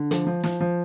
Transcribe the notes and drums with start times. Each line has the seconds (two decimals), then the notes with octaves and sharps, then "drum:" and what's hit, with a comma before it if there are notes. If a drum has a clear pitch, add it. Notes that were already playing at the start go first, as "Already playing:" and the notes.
Already playing: D3
0.11 F3, drum: hi-hat
0.27 F3
0.43 F3, drum: snare
0.60 F3